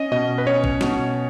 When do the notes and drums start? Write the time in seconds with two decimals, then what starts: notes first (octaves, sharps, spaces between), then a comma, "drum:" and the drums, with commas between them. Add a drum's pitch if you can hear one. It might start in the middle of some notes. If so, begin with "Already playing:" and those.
Already playing: C#4 D#5
0.11 B2 D#5
0.38 B4
0.47 C#4 C#5
0.64 drum: kick A1
0.81 B2, drum: snare